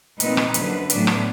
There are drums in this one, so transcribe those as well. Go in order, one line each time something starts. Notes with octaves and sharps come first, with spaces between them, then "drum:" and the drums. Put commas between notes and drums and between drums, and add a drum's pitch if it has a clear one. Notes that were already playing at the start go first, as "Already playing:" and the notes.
A#2 F3 G#3 C4 D#4 B4, drum: hi-hat
drum: rim click
F#2 D3 F3, drum: hi-hat
A2 F#3 B3 D4, drum: hi-hat
drum: rim click